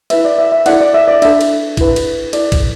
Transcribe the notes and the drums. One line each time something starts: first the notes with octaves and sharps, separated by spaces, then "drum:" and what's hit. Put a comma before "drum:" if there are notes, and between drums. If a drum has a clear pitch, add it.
E4 B4 E5, drum: cymbal
D5
E5
E5
E4 A4 D5 F#5, drum: cymbal
D5
E5
D5
D4 A4 E5, drum: cymbal
drum: cymbal
E4 B4, drum: kick A1, cymbal
drum: cymbal
E4 A4 D5, drum: cymbal
drum: kick A1, cymbal